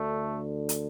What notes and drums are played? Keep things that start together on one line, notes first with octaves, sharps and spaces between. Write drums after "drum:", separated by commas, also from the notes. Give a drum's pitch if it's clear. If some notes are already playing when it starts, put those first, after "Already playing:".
Already playing: D2 D3 A3
drum: hi-hat